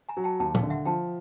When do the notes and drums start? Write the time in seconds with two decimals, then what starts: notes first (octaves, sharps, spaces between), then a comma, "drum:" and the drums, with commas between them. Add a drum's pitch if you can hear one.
0.09 G#5 A#5
0.17 F#3
0.24 G5 A5
0.40 D#2 G5 A5
0.55 F5 G5, drum: tom A#2
0.63 D3
0.70 E5 F#5
0.85 F3 G5 A5